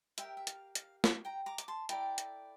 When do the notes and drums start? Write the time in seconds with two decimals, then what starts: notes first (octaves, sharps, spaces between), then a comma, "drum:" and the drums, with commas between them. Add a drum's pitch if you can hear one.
0.18 E4 G4 A#4 E5 G5, drum: hi-hat
0.37 E5
0.47 F5, drum: hi-hat
0.75 F5, drum: hi-hat
1.04 drum: snare
1.25 G5 A#5
1.46 A#5 D6
1.58 D6, drum: hi-hat
1.68 A5 C6
1.89 E4 A4 D5 G5 A#5, drum: hi-hat
2.18 drum: hi-hat